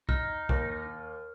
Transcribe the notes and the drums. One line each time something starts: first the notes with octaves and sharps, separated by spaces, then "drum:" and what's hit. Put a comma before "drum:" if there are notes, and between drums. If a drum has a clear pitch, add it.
D#4 F6, drum: kick
D#2, drum: kick